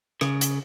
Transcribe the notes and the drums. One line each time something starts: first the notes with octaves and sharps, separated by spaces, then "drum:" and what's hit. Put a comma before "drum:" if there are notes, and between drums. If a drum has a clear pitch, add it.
C#3, drum: rim click
drum: hi-hat